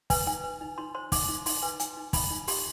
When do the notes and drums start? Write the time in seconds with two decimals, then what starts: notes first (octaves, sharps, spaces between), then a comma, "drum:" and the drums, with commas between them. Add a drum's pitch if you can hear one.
0.10 B4 G#5, drum: kick, open hi-hat
0.27 D#4 G#5
0.44 B4
0.61 D#4
0.78 D#4 C6
0.95 C5 C6
1.12 D#4 D6, drum: kick, open hi-hat
1.28 D#4
1.46 D#4 C6, drum: open hi-hat
1.62 B4 G#5
1.80 D#4 G#5, drum: hi-hat
1.97 D#4
2.13 D#4 B5, drum: kick, open hi-hat
2.31 D#4
2.48 G4 C6, drum: open hi-hat